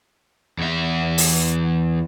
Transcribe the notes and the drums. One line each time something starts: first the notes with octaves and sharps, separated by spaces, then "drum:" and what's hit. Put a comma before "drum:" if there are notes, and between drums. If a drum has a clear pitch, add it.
E2 E5
drum: open hi-hat